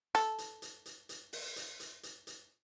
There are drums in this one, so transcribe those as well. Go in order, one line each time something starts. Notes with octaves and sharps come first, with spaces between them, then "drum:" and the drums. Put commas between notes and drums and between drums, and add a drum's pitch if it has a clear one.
A4, drum: hi-hat
drum: hi-hat
drum: hi-hat
drum: hi-hat
drum: hi-hat
drum: open hi-hat
drum: hi-hat
drum: hi-hat
drum: hi-hat
drum: hi-hat